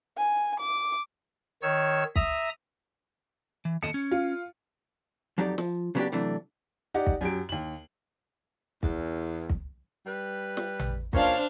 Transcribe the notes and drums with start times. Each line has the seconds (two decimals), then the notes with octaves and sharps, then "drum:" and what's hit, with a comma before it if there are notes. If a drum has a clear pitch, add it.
0.18 G#5
0.60 D6
1.62 D#3 C#5 E6
2.16 E5 A#5 D#6, drum: kick
3.65 E3
3.83 D#2 A4 D#5 C#7
3.94 C#4
4.11 F4
5.38 F2 F#3 D#4 G4 D5
5.58 F3, drum: snare
5.95 C#3 F#3 B3 C#4 D4 G4
6.12 C3 E3 F#3 A3 D4
6.94 D#4 G4 D5 F#5
7.06 drum: kick
7.21 F#2 F#3 G4 D7
7.49 D#2 F#7
8.83 E2, drum: kick
9.49 drum: kick
10.06 G3 B4
10.57 drum: snare
10.79 drum: tom A1
11.13 A#2 C#4 D4 C5 C#5 F5, drum: kick